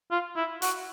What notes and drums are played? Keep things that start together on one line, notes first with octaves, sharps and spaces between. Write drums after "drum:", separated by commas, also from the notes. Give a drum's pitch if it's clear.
F4
E4
F#4, drum: hi-hat